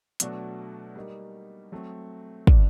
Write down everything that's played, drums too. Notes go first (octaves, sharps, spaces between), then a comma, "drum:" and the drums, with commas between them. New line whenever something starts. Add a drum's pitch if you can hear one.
B2 F#3 A3 D4 F#4, drum: hi-hat
G3 A#3 D#4
F#3 A3 C4
C3 E3 G3 B3 D4, drum: kick